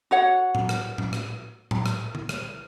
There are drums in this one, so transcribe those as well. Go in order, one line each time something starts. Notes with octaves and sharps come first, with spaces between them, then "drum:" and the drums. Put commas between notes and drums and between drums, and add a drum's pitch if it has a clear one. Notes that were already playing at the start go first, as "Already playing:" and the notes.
F#4 C#5 F#5
drum: tom A2
drum: rim click
drum: tom A2
drum: rim click
drum: tom A2
drum: rim click
drum: tom D3
drum: rim click